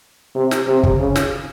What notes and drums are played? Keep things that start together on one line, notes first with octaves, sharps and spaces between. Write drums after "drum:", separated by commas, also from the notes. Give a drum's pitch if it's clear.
C3
drum: snare
C3
drum: kick
C#3
drum: snare